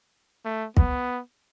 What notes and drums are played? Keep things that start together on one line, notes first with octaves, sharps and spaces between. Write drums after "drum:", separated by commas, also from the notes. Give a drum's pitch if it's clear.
A3
B3, drum: kick